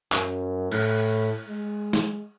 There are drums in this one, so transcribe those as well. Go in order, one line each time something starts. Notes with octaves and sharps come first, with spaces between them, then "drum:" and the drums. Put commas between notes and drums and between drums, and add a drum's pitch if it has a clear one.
F#2, drum: clap
A2, drum: cymbal
G#3
drum: snare